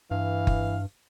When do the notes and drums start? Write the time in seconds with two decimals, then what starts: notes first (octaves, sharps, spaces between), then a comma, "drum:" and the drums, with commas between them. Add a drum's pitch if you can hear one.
0.11 G2 E3 F5
0.47 drum: kick F#1